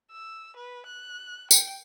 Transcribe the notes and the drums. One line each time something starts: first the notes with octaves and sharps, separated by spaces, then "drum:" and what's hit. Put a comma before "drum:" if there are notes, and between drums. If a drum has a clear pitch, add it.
E6
B4
F#6
G5, drum: tambourine